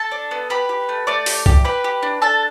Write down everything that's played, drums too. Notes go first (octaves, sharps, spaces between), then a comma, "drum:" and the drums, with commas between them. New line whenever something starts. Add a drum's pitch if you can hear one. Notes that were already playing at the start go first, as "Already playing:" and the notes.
Already playing: A4 A5
D4
B3
G4 B4 B5
G4
A3
A3 D5 D6
G4, drum: open hi-hat
G4, drum: kick C2
G4 B4 B5
G4
D4
D4 A4 A5